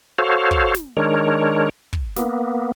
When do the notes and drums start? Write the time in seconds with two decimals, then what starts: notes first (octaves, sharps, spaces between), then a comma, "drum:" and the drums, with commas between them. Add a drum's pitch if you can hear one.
0.18 F#4 A4 C5 C#5 F5
0.51 drum: kick
0.74 drum: snare
0.97 D#3 G#3 D4 A#4 C#5
1.93 drum: kick
2.16 A#3 B3, drum: snare